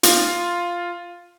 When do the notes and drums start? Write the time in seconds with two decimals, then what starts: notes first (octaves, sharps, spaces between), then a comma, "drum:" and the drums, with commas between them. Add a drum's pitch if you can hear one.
0.03 F4, drum: hi-hat